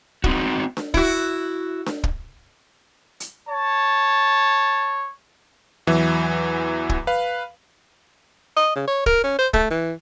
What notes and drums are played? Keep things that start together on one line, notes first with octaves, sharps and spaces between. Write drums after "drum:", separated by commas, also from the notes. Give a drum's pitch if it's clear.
C4 D#4 F#4, drum: kick
drum: snare D4
E4 F#4, drum: kick
drum: snare D4
drum: kick
drum: hi-hat
C#5 A5
E2 E3 F#3 E5
drum: kick
B4 F5
D#5
C#3
C#5
A#4, drum: kick
C#4
C5
A3, drum: kick
E3